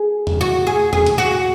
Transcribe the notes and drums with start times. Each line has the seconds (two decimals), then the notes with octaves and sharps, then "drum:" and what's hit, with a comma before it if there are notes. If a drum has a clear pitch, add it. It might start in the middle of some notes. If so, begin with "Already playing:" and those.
Already playing: G#4
0.27 drum: tom E2
0.41 F#4
0.67 G#4
0.93 G#4, drum: tom E2
1.06 drum: hi-hat
1.18 F#4